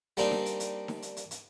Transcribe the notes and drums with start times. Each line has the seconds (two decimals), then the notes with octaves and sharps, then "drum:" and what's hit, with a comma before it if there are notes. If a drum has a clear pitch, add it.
0.17 G3 A#3 C4 D4 D#4, drum: hi-hat
0.31 drum: snare D#4
0.46 drum: hi-hat
0.60 drum: hi-hat
0.88 drum: snare D#4
1.02 drum: hi-hat
1.17 drum: hi-hat
1.31 drum: hi-hat